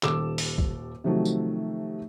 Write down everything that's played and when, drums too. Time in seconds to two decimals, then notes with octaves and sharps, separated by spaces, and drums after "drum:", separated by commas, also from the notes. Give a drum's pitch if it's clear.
0.03 D#1 D#2 A4 D6 E6 E7, drum: clap
0.38 drum: open hi-hat
0.58 drum: kick
1.04 C3 D#3 F3 F#3 A3
1.25 drum: tambourine